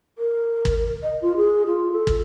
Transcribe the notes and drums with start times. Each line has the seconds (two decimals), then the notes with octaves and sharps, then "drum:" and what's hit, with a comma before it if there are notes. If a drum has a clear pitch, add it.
0.18 A#4
0.65 drum: kick
1.03 D#5
1.22 F4
1.37 G#4
1.66 F4
1.92 A4
2.07 drum: kick